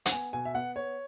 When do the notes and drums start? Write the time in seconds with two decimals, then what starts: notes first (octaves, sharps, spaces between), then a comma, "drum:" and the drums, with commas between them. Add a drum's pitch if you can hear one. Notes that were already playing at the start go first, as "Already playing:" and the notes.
0.06 F#5, drum: hi-hat
0.12 B3 G#5
0.33 B2 G#5
0.45 E5
0.55 B3 F#5
0.76 B3 C#5